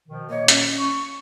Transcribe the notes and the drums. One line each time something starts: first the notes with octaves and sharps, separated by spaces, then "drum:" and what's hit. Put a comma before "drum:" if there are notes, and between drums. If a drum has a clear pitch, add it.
B2 D#3 F3
A#2 A#3 C#5 D#5
C#4, drum: hi-hat
C#6